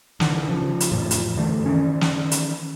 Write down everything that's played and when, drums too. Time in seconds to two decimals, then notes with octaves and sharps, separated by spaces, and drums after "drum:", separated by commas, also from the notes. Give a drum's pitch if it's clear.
0.20 D3 E3, drum: snare
0.48 C#3 E3 F3
0.80 drum: hi-hat
0.92 F2 A2 E3 F3
1.11 drum: hi-hat
1.36 F#2 D3 E3 A3
1.66 D#3 E3 C#4
2.01 drum: snare
2.31 drum: hi-hat